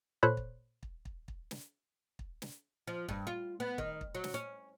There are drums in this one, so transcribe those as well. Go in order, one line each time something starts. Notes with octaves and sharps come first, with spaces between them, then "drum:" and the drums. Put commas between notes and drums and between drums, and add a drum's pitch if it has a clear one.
A#2 A4 C5 C#5 B5 F#6
drum: kick
drum: kick
drum: kick
drum: kick
drum: snare
drum: kick
drum: snare
F3
G2, drum: kick
F4
B3
D#3, drum: kick
drum: kick
F#3
drum: snare
C#4